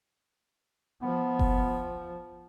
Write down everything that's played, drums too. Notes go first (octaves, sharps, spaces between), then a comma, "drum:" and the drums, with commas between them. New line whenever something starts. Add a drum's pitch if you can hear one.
F3 B3
drum: kick F#1